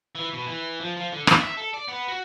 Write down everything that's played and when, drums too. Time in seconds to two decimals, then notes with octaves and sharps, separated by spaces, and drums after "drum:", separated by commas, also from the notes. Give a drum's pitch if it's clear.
0.15 E3
0.33 B2
0.47 E3
0.80 F3
0.97 F3
1.12 D3
1.27 D#2, drum: rim click
1.41 E5
1.57 A4
1.74 D5
1.88 B3
2.08 F#4